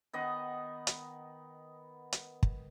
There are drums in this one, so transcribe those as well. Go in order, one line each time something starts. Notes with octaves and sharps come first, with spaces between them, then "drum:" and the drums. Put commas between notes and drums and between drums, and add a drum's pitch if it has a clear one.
D#3 B3 D#5 F#5
drum: hi-hat
drum: hi-hat
drum: kick